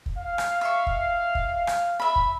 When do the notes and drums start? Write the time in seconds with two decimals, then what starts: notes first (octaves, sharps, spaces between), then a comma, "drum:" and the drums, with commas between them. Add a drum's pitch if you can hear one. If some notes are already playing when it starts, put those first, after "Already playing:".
0.06 drum: kick
0.18 F5
0.38 drum: rim click
0.61 E5 C#6
0.87 drum: kick
1.35 drum: kick
1.67 drum: rim click
2.00 E5 B5
2.16 drum: kick